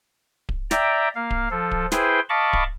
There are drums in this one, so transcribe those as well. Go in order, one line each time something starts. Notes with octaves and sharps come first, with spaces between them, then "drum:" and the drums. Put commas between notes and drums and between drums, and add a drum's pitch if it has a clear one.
drum: kick D1
D5 E5 G5 A#5, drum: snare
A#3 F5
drum: kick D1
F3 A4
drum: kick D1
E4 G#4 B4 C5 G5 C6, drum: snare
D#5 F5 A5 B5 C#6 D6
drum: kick D1